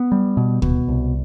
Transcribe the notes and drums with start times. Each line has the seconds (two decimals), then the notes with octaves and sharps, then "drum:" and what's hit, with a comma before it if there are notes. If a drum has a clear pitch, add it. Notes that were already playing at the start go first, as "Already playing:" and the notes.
Already playing: B3
0.12 G3
0.37 B2
0.62 B2, drum: kick
0.88 C2